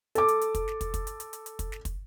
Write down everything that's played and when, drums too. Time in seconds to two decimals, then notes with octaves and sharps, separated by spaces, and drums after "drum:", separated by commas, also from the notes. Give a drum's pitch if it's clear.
0.15 A4 D6, drum: hi-hat
0.28 drum: hi-hat
0.41 drum: hi-hat
0.55 drum: kick, hi-hat
0.68 drum: snare
0.81 drum: kick, hi-hat
0.94 drum: kick, hi-hat
1.07 drum: hi-hat
1.20 drum: hi-hat
1.33 drum: hi-hat
1.46 drum: hi-hat
1.59 drum: kick, hi-hat
1.72 drum: snare
1.85 drum: kick, hi-hat